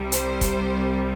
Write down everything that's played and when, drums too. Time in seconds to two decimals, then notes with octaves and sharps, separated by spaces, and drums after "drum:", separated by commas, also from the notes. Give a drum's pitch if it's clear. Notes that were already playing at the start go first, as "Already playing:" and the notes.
Already playing: C2 C3 G3
0.12 C5, drum: hi-hat
0.41 drum: kick, hi-hat